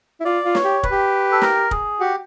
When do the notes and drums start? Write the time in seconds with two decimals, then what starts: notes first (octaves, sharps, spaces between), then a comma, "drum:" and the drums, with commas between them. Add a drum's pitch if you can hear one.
0.20 E4
0.25 F4 D5
0.44 F4
0.55 C#5, drum: snare
0.64 G4
0.83 B4, drum: kick
0.91 G4
1.32 A4
1.41 A#4, drum: snare
1.71 G#4, drum: kick
2.00 F#4 G4